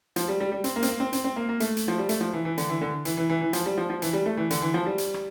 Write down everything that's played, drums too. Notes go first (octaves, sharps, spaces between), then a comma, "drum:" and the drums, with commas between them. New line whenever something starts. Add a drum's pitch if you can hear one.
F3, drum: hi-hat
G3
G3
G3
C4, drum: hi-hat
A#3
C4, drum: hi-hat
A#3
C4
C4, drum: hi-hat
C4
A#3
A#3
A3, drum: hi-hat
drum: hi-hat
F3
G3
A3, drum: hi-hat
F3
E3
E3
D3, drum: hi-hat
E3
D3
E3, drum: hi-hat
E3
E3
E3
F3, drum: hi-hat
G3
F3
F3
E3, drum: hi-hat
G3
A3
E3
D3, drum: hi-hat
E3
F3
G3
drum: hi-hat
drum: rim click